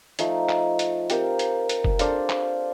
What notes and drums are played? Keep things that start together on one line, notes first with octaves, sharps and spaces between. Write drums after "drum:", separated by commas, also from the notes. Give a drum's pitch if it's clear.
F3 A3 D#4, drum: hi-hat
drum: clap
drum: hi-hat
C4 G4 A#4 F5, drum: hi-hat
drum: hi-hat
drum: hi-hat
drum: kick F1
D4 A4 C5 F5, drum: hi-hat
drum: clap